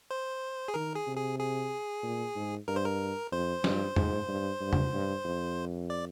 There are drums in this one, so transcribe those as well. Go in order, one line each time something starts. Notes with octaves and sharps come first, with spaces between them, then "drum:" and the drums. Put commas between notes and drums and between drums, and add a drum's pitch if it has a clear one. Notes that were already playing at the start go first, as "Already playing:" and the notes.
C5
G#4
D#3 A#4
G#4
C3
G#4
G#4
A#2
G#2
G2 A#4
C5
A#4
F2 C5
G2, drum: snare
G#2, drum: tom
G2
G2
drum: tom
G2
F2
D5